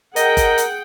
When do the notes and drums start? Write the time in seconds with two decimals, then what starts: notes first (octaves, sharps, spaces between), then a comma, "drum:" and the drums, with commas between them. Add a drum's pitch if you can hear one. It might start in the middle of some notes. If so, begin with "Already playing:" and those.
0.16 G#4 A#4 D#5 F#5 G5, drum: hi-hat
0.37 drum: kick G1, hi-hat
0.58 drum: hi-hat